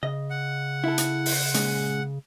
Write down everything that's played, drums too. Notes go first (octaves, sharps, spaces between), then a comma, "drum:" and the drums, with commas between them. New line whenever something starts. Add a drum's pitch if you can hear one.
C#3 D#5
F#5
E4 A4
drum: hi-hat
drum: open hi-hat
A#2 G#3 C#4, drum: hi-hat